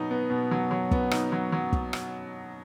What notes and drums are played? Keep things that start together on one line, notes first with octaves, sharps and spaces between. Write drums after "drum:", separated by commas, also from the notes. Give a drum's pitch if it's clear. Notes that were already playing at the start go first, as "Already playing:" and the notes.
Already playing: B2 F#3 B3 D#4
B3
B2
F#3
F#3
B3, drum: kick
D#4, drum: rim click
F#3
F#3
drum: kick
drum: rim click